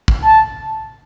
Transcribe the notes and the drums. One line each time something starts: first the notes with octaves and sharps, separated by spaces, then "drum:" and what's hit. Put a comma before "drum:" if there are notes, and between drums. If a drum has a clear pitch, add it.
drum: kick
A5